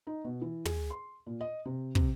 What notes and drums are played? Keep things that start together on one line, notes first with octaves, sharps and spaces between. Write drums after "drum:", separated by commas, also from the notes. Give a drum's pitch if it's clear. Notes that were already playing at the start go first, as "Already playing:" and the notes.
D#4
B2
E3
G#4, drum: tom
C6
A#2
D#5
C3
C3, drum: kick